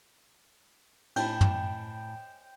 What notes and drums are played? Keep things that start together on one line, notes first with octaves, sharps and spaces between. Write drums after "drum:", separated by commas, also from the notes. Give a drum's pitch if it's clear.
A2 G5 A5 B5, drum: cymbal
drum: tom